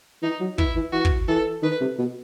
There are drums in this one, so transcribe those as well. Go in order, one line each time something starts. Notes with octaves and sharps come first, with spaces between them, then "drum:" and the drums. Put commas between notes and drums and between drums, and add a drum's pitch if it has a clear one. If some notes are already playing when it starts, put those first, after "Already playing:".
E3 D#4
F#3
E3 E4, drum: kick
E3
E3 F#4
drum: kick
E3 A4
D#3 B4
C3
B2